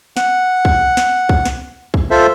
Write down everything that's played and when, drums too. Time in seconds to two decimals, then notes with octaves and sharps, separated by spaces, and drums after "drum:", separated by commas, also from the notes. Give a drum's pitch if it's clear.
0.17 F#5, drum: snare
0.65 drum: kick
0.97 drum: snare
1.29 drum: kick
1.45 drum: snare
1.94 drum: kick
2.10 F4 A4 C5 E5